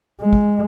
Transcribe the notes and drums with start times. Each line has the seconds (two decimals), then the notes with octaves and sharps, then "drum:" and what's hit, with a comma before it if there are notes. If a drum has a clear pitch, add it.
0.21 G#3
0.33 drum: kick